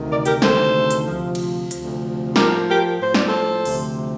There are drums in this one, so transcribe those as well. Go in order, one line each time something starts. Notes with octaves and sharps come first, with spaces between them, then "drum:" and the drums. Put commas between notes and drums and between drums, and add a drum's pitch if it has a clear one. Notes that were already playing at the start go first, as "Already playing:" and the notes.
Already playing: D2 C3 D#3
A#4 D5
G4 A#4, drum: hi-hat
D2 C3 D#3 A4 C5, drum: snare
drum: hi-hat
D2 C3 F3
drum: cymbal
D2 C3 F3, drum: hi-hat
A2 F3 G4 A#4, drum: snare
G4 A#4
A2 F3 C5
D5, drum: snare
A4 C5
D2 C3 F3, drum: open hi-hat